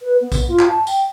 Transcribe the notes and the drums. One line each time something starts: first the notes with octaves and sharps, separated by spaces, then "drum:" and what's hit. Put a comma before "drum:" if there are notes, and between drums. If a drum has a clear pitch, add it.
B4
B3
drum: kick A#1, tambourine
F4
drum: clap
A5
G5, drum: tambourine